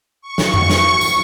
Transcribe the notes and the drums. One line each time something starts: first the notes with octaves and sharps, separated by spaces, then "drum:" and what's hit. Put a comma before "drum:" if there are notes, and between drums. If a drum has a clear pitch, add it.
C#6
drum: snare
drum: tom F2
drum: snare
drum: tambourine